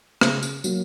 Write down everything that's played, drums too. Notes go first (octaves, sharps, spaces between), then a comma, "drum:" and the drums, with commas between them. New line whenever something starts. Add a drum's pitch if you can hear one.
C#3, drum: rim click
drum: tambourine
F#3 A#3, drum: tambourine